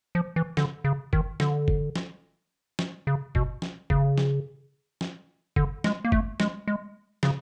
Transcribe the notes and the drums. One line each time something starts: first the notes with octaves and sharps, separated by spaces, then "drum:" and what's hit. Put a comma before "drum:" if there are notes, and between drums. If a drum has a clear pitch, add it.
F3
E3
D3, drum: snare
C#3
D#3, drum: kick
D3, drum: snare
drum: kick
drum: snare
drum: snare
C#3
B2, drum: kick
drum: snare
C#3, drum: kick
drum: snare
drum: snare
D3, drum: kick
G#3, drum: snare
A#3
A3, drum: kick
G#3, drum: snare
G#3
C#3, drum: snare